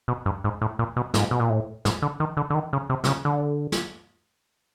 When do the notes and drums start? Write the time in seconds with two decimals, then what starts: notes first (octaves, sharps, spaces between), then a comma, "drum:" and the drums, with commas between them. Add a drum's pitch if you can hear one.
0.08 B2
0.26 G2
0.44 G#2
0.62 A2
0.79 A#2
0.97 B2
1.14 G#2, drum: snare
1.31 B2
1.40 A#2
1.50 A2
1.85 G#2, drum: snare
2.02 D3
2.20 D#3
2.37 D3
2.50 D3
2.54 D#3
2.73 C#3
2.90 C3
3.04 C3, drum: snare
3.07 C#3
3.25 D3
3.72 drum: snare